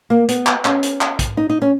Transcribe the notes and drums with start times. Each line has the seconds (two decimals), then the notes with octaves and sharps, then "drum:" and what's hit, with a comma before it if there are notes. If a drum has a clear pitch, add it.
0.10 A#3
0.29 B3, drum: hi-hat
0.46 drum: clap
0.65 C#4, drum: clap
0.83 drum: hi-hat
1.01 drum: clap
1.19 drum: kick, hi-hat
1.37 D#4
1.50 D#4
1.62 C#4